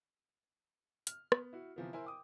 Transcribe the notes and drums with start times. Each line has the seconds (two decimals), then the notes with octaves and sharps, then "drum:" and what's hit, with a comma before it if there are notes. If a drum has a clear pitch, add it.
1.07 F6, drum: hi-hat
1.32 B3, drum: rim click
1.53 E4 F#4
1.76 C3 E3 F3 B3
1.93 E4 A#4 C5 G#5
2.05 G5 D6 D#6